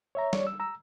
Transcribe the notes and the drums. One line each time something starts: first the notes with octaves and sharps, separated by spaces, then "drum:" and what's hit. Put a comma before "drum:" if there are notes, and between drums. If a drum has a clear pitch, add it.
C#5 E5 A#5
C#5 D5, drum: snare
E6
A#5 E6